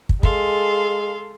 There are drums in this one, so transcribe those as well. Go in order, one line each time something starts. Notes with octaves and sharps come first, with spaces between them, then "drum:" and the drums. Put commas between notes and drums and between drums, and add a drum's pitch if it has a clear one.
drum: kick
G#3 A4 F5 C6, drum: kick